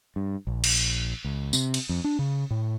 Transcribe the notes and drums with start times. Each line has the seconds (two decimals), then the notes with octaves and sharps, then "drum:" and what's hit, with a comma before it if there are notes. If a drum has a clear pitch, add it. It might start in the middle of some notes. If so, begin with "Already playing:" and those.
0.16 G2
0.47 A#1
0.64 drum: cymbal
1.25 C#2
1.53 C3, drum: tambourine
1.74 drum: cymbal
1.89 F2
2.04 D4
2.19 C#3
2.51 A2